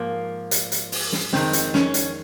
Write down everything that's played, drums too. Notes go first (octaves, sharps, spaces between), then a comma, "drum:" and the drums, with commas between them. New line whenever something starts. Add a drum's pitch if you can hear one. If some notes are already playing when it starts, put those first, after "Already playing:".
Already playing: G#2 F3 A#3
drum: hi-hat
drum: hi-hat
drum: open hi-hat
drum: snare
F2 D#3 G#3 C4, drum: snare
drum: hi-hat
C#4, drum: snare
drum: hi-hat